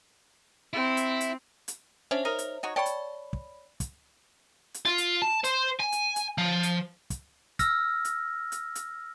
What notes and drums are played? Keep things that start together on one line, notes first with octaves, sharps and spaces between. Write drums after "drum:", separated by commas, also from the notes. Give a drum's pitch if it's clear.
C4 E4
drum: hi-hat
drum: hi-hat
drum: hi-hat
C#4 D4 C5 C#5 E5
D#4 A#4
drum: hi-hat
D#4 F#4 C#5
C#5 D5 G5 A5 B5
drum: hi-hat
drum: kick
drum: kick, hi-hat
drum: hi-hat
F4
drum: hi-hat
A5
C5, drum: hi-hat
G#5
drum: hi-hat
drum: hi-hat
F3
drum: hi-hat
drum: kick, hi-hat
E6 F6 A#6, drum: kick, hi-hat
drum: hi-hat
drum: hi-hat
drum: hi-hat